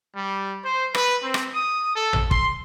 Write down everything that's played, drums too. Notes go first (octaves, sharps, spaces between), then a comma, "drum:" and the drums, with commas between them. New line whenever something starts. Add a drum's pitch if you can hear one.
G3
C5
B4, drum: rim click
C4
drum: rim click
D#6
A4
drum: tom A1
C6, drum: kick